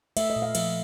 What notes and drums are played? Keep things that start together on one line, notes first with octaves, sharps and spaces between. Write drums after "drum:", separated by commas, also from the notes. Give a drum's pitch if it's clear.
A3 E5, drum: cymbal
D#5
A#2
F5
F3 E5, drum: cymbal